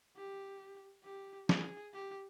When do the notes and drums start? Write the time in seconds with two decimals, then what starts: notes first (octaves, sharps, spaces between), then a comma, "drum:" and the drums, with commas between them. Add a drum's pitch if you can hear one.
0.16 G4
1.05 G4
1.49 G#4, drum: snare
1.93 G4